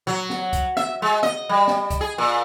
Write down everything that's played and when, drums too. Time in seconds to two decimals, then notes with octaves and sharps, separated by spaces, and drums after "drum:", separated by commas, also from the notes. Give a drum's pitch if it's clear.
0.07 F#3, drum: tom A#2
0.30 drum: snare
0.53 drum: kick, hi-hat
0.77 E5, drum: snare
1.02 G#3
1.23 D#5, drum: snare
1.49 G3
1.68 drum: snare
1.90 drum: kick, hi-hat
2.01 G#4
2.18 A#2